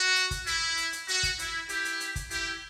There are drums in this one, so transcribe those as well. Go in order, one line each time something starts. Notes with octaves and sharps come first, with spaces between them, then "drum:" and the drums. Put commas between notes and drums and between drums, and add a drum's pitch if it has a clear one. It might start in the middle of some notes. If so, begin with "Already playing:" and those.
Already playing: F#4
drum: hi-hat
drum: kick, hi-hat
E4, drum: hi-hat
drum: hi-hat
drum: hi-hat
F#4, drum: hi-hat
drum: kick, hi-hat
E4, drum: hi-hat
E4 G4, drum: hi-hat
drum: hi-hat
drum: hi-hat
drum: kick, hi-hat
E4 G4, drum: hi-hat